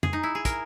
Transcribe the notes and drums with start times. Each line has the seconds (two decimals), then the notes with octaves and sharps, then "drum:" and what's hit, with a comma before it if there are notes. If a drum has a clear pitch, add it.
0.03 G#4, drum: tom F2
0.13 D#4
0.23 E4
0.35 G#4
0.45 A#4, drum: kick, hi-hat